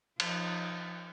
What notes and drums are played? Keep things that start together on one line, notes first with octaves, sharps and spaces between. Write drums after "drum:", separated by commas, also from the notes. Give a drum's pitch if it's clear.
F3 D#4, drum: cymbal